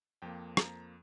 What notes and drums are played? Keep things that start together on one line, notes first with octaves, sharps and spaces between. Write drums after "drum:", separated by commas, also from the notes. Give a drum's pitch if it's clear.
F2 F3 A#3 G5
A#5, drum: rim click